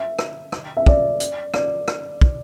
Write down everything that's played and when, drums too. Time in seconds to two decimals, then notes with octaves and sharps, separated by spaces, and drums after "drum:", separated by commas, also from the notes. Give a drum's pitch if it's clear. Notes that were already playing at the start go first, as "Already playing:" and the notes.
Already playing: E5
0.19 drum: rim click
0.52 drum: rim click
0.77 E5
0.86 D5, drum: kick
1.20 drum: hi-hat
1.54 D5, drum: rim click
1.88 drum: rim click
2.21 drum: kick